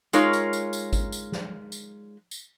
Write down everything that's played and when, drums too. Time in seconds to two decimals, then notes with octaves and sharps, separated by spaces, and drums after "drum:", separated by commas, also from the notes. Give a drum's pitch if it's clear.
0.13 G#3 D#4 F4 A#4 C#5, drum: tambourine
0.33 drum: tambourine
0.53 drum: tambourine
0.73 drum: tambourine
0.93 drum: kick G#1, tambourine
1.12 drum: tambourine
1.32 drum: snare
1.72 drum: tambourine
2.31 drum: tambourine